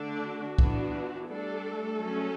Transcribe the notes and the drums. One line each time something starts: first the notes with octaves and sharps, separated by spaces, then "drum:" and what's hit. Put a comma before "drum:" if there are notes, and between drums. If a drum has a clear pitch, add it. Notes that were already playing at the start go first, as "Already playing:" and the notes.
Already playing: D3 A3 D4
F#4
E3 B3 D4, drum: kick C2
G3 A3 D4 A4
F#3 C#4